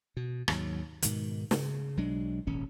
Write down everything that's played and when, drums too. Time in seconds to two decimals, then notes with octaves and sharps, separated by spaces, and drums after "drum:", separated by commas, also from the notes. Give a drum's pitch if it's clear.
0.17 B2
0.48 D#2 G#2 F#3, drum: rim click
1.02 G#2 B2 D#3, drum: hi-hat
1.51 C#3, drum: snare
1.97 B1 F#3 G#3 D4
2.47 D#1 G#1 C#4